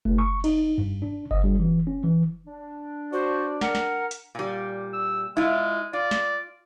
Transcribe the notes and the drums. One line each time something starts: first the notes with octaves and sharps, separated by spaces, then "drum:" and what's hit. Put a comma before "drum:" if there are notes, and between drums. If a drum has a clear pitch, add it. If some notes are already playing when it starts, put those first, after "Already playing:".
A3, drum: kick F#1
C#6
D#4, drum: cymbal
G2
D4
D#5, drum: kick F#1
G3
E3
C#4
E3
D4
F#4 C5 D5
A#4 F#5, drum: snare
drum: snare
drum: hi-hat
A#2 G3
E6
G#3 E4 F4
F4 D5
drum: snare